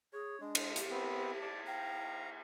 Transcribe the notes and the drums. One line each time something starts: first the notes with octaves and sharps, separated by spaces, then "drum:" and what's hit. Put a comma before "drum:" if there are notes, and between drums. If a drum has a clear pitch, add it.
G#4 C#5
G#3 D4
drum: cymbal
G4, drum: hi-hat
B3 C4
D5 A5
F5 G5 A#5